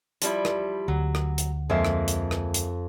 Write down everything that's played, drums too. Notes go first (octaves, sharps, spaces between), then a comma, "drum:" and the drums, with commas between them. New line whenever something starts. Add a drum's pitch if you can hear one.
F3 G3 E4, drum: hi-hat
drum: rim click
D2 F#3
drum: rim click
drum: hi-hat
F2 G#3 A#3 E5 C7
drum: rim click
drum: hi-hat
drum: rim click
drum: hi-hat